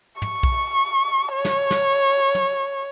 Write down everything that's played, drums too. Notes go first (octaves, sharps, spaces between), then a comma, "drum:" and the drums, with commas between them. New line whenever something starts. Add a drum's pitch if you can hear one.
C#6, drum: tom
drum: kick B1
C#5
drum: snare
drum: snare
drum: tom